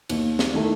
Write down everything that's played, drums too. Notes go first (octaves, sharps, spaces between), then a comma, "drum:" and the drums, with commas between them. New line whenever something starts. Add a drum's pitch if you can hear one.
D#2, drum: cymbal
drum: snare
D#3 A3 E4